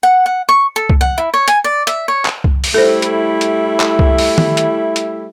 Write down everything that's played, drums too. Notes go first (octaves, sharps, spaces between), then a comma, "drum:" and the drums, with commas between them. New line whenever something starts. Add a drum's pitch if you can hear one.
F#5
F#5
C#6
A4
drum: kick C2
F#5
E4
C#5
G#5, drum: hi-hat
D5
E5, drum: hi-hat
C#5
drum: clap
drum: kick C2
drum: open hi-hat
G3 A3 E4 A4 C5
drum: hi-hat
drum: hi-hat
drum: clap
drum: kick C2
drum: open hi-hat
drum: tom D#3
drum: hi-hat
drum: hi-hat